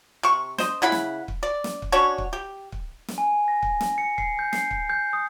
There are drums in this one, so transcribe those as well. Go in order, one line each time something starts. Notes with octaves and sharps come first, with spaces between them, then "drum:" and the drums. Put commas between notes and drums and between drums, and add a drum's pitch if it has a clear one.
C3 C#6
C5 D#5, drum: snare
C#3 E4 F#5 B5
drum: snare
drum: kick
D5
drum: snare
drum: kick
C#4 D4 F#4 C#5
drum: kick
G4
drum: kick
drum: snare
G#5
A#6
drum: kick
drum: snare
C#7
C7, drum: kick
G6
C7, drum: snare
drum: kick
G6
D#6